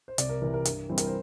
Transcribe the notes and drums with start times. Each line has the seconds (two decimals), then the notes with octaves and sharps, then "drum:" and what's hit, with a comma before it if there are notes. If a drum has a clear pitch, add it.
0.08 C5
0.18 C2 D5, drum: hi-hat
0.29 A#4
0.42 C3 E3 A#4
0.54 A#4
0.65 G2, drum: hi-hat
0.89 E3 G3 C4 C5
0.98 A#4, drum: hi-hat
1.07 C5